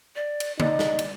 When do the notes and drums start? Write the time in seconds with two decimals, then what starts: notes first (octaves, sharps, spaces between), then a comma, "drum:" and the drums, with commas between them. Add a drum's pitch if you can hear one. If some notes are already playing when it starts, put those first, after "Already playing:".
0.16 D5
0.40 drum: cymbal
0.60 D#4 D5, drum: tom D3
0.79 drum: snare
0.99 drum: cymbal